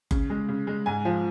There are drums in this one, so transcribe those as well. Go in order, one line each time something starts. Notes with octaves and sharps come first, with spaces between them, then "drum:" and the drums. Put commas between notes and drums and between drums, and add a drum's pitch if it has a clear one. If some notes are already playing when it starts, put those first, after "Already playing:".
C#3, drum: kick F#1
G#3
C#3
G#3
G#2 G#5
F3